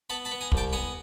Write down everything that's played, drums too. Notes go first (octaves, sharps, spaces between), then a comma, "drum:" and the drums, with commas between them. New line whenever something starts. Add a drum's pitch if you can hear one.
B3 A5 B5
A5 B5
B3
G#5 A#5
C2, drum: kick
G5 A5
B3 G#5 A#5